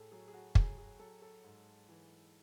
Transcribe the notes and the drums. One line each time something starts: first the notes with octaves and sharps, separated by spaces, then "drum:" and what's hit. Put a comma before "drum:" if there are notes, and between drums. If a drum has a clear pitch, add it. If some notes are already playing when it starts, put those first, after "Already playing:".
Already playing: A2 G#4 A4
F#3 G#4
G#4
F#4
F#3 G#4, drum: kick
G#4
F#3 A4
A4
G#2
E3